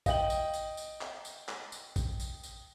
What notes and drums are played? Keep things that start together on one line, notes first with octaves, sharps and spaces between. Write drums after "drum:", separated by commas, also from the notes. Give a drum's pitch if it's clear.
D#5 G5 F#7, drum: kick A1, tambourine
drum: tambourine
drum: tambourine
drum: tambourine
drum: clap
drum: tambourine
drum: clap
drum: tambourine
drum: kick A1, tambourine
drum: tambourine
drum: tambourine